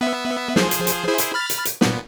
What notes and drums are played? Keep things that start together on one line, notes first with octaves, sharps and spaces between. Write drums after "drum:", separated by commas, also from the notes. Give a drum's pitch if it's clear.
B3 E5
F3 G#4 C5, drum: snare
drum: hi-hat
drum: hi-hat
E4 G#4 C5
drum: hi-hat
B5 F6 A6
drum: hi-hat
drum: hi-hat
A#2 B3, drum: snare